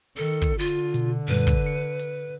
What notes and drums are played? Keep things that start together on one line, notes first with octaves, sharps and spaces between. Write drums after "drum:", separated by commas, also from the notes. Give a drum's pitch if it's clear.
D#3 A4
drum: kick, hi-hat
D3 F4
drum: hi-hat
B2, drum: hi-hat
F#2 A#2 G3 B4
drum: kick, hi-hat
C#7
drum: hi-hat